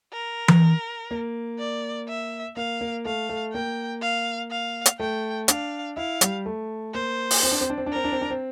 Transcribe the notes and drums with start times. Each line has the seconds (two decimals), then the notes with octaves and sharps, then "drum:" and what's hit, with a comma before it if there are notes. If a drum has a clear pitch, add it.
0.13 A#4
0.48 drum: tom E3
1.11 A#3
1.59 D5
2.08 E5
2.57 A#3 F5
2.81 A#3
3.05 A3 F5
3.29 A3
3.53 A#3 G5
4.02 F5
4.51 F5
4.86 drum: hi-hat
5.00 A3 G5
5.48 D4 F5, drum: hi-hat
5.97 E4 F5
6.21 G3, drum: hi-hat
6.46 A3
6.94 A#3 C5
7.31 drum: open hi-hat
7.43 C4
7.51 D4
7.61 C4
7.70 D4
7.78 C4
7.86 D4
7.92 C4 A#4
8.04 D4
8.12 C4
8.21 D4
8.30 C4